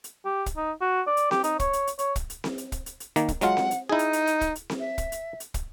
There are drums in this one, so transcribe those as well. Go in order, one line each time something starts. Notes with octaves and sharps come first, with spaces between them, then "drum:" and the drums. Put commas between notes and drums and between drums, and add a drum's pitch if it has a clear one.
drum: hi-hat
G4
drum: kick, hi-hat
D#4
F#4
D5
drum: hi-hat
G4, drum: snare C4
D#4, drum: hi-hat
C#5, drum: kick, hi-hat
drum: hi-hat
drum: hi-hat
C#5, drum: hi-hat
drum: kick, hi-hat
drum: hi-hat
drum: snare C4
drum: hi-hat
drum: kick, hi-hat
drum: hi-hat
drum: hi-hat
D#3 A#3, drum: hi-hat
drum: kick, hi-hat
F#3 G#3 F4 F#5, drum: hi-hat
drum: snare C4
drum: hi-hat
D#4 E4 G#4
drum: hi-hat
drum: hi-hat
drum: hi-hat
drum: kick, hi-hat
drum: hi-hat
drum: snare C4
E5
drum: kick, hi-hat
drum: hi-hat
drum: hi-hat
drum: kick, hi-hat